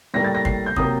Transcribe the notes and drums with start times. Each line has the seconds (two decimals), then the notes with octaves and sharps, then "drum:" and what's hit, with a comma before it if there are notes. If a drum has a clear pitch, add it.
0.14 A2 G3 A#3 A#6
0.24 A6
0.35 A#6
0.45 C7, drum: kick
0.66 G6
0.76 C3 F#3 A#3 D#6, drum: kick